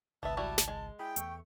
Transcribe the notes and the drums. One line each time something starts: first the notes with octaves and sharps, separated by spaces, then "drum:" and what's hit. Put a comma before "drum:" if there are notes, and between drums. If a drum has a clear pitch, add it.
G#1 C#2 B3 E5 A5
G3 E4 F#4
drum: snare
G#3
E4 G#4 G5 B5
E2 A3 C#6, drum: hi-hat